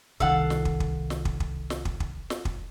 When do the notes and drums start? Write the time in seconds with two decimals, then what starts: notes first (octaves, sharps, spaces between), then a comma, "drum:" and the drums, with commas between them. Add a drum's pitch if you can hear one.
0.20 C2 D#3 A4 F5 F#5, drum: kick
0.50 drum: snare
0.65 drum: kick
0.80 drum: kick
1.10 drum: snare
1.25 drum: kick
1.40 drum: kick
1.70 drum: snare
1.85 drum: kick
2.00 drum: kick
2.30 drum: snare
2.45 drum: kick